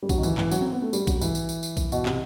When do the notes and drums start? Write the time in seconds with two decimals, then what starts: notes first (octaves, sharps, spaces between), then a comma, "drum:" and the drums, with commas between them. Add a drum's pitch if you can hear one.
0.03 G3
0.09 F#3, drum: kick A#1, tambourine
0.18 D#3
0.23 E3, drum: tambourine
0.38 E3, drum: clap
0.51 F#3, drum: tambourine
0.61 C4
0.72 B3
0.82 A3
0.93 G3, drum: tambourine
1.07 F#3, drum: kick A#1, tambourine
1.21 E3, drum: tambourine
1.35 drum: tambourine
1.49 drum: tambourine
1.63 drum: tambourine
1.77 drum: kick A#1, tambourine
1.92 B2, drum: tambourine
2.06 C3, drum: clap